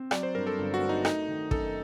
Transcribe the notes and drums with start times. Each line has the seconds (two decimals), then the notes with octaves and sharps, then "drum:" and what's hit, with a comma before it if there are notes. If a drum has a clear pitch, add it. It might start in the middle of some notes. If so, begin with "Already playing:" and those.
Already playing: C4
0.11 F#3 D5, drum: rim click
0.23 C5
0.35 G2 A#4
0.47 A4
0.58 G1
0.74 F#4
0.81 A3
0.89 D#4
1.05 A3 D#4, drum: rim click
1.28 D#3
1.51 F#2 A4, drum: kick